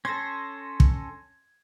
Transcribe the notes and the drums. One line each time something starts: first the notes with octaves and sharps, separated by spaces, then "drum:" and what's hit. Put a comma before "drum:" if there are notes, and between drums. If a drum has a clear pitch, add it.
C#4 A4 C6 G#6 A#6
drum: kick